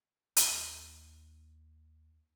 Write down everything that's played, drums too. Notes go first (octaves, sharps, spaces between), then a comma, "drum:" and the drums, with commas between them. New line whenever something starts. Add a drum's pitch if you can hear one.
D#2 D#4, drum: hi-hat